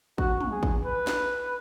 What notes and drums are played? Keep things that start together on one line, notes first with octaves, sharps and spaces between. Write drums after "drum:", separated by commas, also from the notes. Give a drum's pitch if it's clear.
F#4, drum: kick
drum: tom
G#4
drum: kick
B4
drum: snare